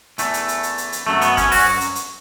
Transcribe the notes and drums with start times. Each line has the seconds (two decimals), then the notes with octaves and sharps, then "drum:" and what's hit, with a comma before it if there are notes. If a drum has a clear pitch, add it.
0.18 E2 E3 A3, drum: hi-hat
0.34 drum: hi-hat
0.48 drum: hi-hat
0.63 drum: hi-hat
0.78 drum: hi-hat
0.92 drum: hi-hat
1.07 F#2 F#3 A3
1.21 B3, drum: hi-hat
1.37 C#4, drum: kick, hi-hat
1.52 F#4, drum: open hi-hat
1.81 drum: hi-hat
1.95 drum: hi-hat